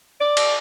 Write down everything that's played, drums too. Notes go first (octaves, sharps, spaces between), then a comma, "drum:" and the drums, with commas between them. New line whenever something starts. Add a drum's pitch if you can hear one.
D5
drum: cymbal